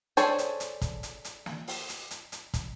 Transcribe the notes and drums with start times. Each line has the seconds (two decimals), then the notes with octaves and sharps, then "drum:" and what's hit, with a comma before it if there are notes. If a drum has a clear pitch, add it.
0.17 D4 G#4 A4 C5 C#5, drum: hi-hat
0.38 drum: hi-hat
0.60 drum: hi-hat
0.81 drum: kick, hi-hat
1.03 drum: hi-hat
1.25 drum: hi-hat
1.46 drum: snare
1.68 drum: open hi-hat
1.89 drum: hi-hat
2.11 drum: hi-hat
2.32 drum: hi-hat
2.54 drum: kick, hi-hat